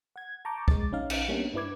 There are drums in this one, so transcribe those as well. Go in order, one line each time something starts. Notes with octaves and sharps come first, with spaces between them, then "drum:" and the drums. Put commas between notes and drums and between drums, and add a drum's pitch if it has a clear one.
F#5 G#6
A5 A#5 C#6 D6 G6
G#3 D6 A6, drum: kick
A#1 C#4 D#4 F5
drum: cymbal
G3 A#3 B3 C#4 D4
G2 D4 E4 B4 D6 G#6